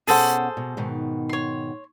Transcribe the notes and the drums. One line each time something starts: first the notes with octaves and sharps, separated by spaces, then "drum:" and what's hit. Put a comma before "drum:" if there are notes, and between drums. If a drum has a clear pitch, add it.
B2 C#4 G#4 A4 C5 F#5, drum: open hi-hat
B2
G#2 B2 D#3
C#5 C6